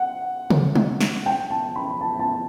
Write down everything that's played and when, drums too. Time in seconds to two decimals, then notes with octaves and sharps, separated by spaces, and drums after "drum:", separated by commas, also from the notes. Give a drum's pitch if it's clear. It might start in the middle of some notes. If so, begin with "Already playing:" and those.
Already playing: F#5
0.50 drum: tom
0.76 drum: tom F#3
1.01 drum: snare
1.26 G5
1.50 A5
1.76 B5
2.01 A5
2.19 A5